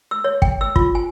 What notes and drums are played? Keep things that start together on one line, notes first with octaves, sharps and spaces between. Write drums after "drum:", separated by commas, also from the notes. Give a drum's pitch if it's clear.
E6
C#5
G5, drum: kick
E6
F4, drum: kick
G#5